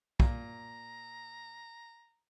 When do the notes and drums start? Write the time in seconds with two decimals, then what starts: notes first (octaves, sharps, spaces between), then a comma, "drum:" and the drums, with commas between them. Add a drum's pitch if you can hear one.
0.20 A#2 A#5, drum: kick